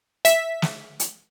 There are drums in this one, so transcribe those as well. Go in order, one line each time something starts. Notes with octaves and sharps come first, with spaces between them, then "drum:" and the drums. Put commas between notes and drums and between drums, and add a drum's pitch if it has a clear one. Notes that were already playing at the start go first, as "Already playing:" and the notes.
E5 B6, drum: hi-hat
drum: snare
drum: hi-hat